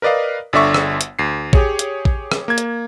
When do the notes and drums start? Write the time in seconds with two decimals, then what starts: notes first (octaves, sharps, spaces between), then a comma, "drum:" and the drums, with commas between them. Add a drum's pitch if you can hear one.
0.02 A#4 B4 D5 D#5 F5
0.53 G1 D3 D5 E5 C#6
0.74 drum: rim click
1.01 drum: hi-hat
1.19 D2 C7
1.53 G4 G#4 C#5, drum: kick A1
1.79 drum: hi-hat
2.05 drum: kick A1
2.32 drum: rim click
2.48 A#3 G#6
2.58 drum: hi-hat